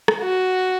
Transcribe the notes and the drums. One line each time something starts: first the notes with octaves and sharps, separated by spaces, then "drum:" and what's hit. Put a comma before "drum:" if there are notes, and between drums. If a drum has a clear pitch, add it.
drum: rim click
F#4